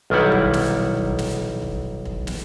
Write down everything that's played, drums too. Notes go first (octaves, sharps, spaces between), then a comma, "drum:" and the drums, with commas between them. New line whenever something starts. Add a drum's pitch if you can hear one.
B1 D#3 G3 E4 F#5
drum: kick
drum: snare
drum: kick
drum: snare
drum: kick
drum: kick
drum: snare